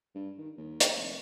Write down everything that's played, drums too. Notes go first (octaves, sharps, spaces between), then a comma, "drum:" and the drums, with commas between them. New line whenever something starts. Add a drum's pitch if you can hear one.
G2
D#3
D#2
drum: hi-hat
F1